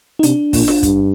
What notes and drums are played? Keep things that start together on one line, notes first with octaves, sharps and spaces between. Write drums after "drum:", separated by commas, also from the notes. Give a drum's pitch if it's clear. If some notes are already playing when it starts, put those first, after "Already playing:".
D#4
C3 D4, drum: hi-hat
A#2, drum: kick, open hi-hat
drum: snare F4
G2, drum: kick, hi-hat